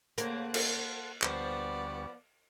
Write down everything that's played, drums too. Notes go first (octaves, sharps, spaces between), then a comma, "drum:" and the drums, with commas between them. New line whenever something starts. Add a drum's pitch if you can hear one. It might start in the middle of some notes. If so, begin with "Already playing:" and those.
C#3 A#3 C4 A4 C5 F#5, drum: hi-hat
drum: cymbal
D2 F3 G3 B3 C5 D5 C#6, drum: clap